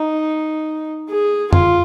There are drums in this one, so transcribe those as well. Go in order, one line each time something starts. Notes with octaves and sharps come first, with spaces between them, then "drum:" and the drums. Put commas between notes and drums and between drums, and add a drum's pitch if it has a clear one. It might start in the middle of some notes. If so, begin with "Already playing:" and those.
Already playing: D#4
G#4
F4, drum: tom F2